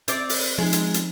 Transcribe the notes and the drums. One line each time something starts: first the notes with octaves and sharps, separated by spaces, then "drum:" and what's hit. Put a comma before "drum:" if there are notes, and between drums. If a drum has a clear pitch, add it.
C4 D5, drum: hi-hat
drum: open hi-hat
F3 G#3 D#4
drum: hi-hat
drum: hi-hat